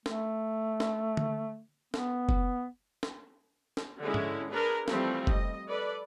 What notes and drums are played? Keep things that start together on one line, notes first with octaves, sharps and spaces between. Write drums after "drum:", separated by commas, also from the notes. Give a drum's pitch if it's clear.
A3, drum: snare
drum: snare
drum: tom D3
B3, drum: snare
drum: kick F#1
drum: snare
drum: snare
D3 G#3 C#4 E4
drum: tom G#2
D4 G#4 A#4 B4
E3 F3 G3 A3 C4 E4, drum: snare
D#5, drum: kick F#1
A4 B4 D5